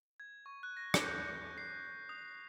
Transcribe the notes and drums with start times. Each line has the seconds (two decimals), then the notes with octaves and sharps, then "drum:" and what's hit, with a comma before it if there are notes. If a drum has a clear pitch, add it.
0.20 G#6
0.46 C#6
0.63 F#6
0.77 A#6
0.94 drum: rim click
1.04 G6
1.58 C7
2.09 D#6